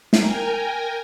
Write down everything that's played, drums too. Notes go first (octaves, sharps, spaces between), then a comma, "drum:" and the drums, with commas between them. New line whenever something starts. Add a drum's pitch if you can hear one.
A#4 G5 G#5 A#5, drum: snare